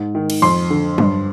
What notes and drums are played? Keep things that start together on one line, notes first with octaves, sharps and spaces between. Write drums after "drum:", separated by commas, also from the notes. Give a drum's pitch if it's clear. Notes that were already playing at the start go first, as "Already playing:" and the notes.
Already playing: G#2
D#3
drum: cymbal
F2 C6
D3
G2, drum: tom F#3